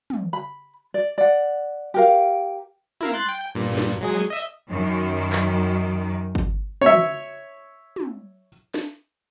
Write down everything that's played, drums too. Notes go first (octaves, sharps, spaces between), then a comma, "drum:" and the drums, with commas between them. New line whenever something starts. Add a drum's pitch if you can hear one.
drum: tom
B5
D5
D5 F#5
G4 A#4 F5
E4 A#4 F5, drum: tom
C6 F#6 A6
G5
G2 A#2
drum: snare
F#3 G#3 G#4
D#5 E5
F#2 D#3
drum: clap
drum: kick
C#5 E5, drum: tom
drum: tom
drum: snare